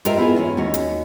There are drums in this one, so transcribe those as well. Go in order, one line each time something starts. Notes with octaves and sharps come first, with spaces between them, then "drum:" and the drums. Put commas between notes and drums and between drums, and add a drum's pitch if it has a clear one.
F4 G4 A#4 D#5 E5, drum: hi-hat
B3 E4 F4 G#4 B4
E2 A#2 C#4 F4
D#2 C#4 F#4
drum: hi-hat